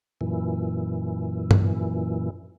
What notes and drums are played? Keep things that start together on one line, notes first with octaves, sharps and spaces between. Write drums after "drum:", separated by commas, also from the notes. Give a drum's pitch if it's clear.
F#2 A#2 E3
drum: tom G2